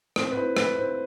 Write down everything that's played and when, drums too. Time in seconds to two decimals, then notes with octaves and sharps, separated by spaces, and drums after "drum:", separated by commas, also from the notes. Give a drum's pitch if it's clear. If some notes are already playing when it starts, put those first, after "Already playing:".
0.16 C4 C5, drum: rim click
0.31 B4
0.36 E4 C5
0.57 E4 B4, drum: rim click
0.77 C4 C5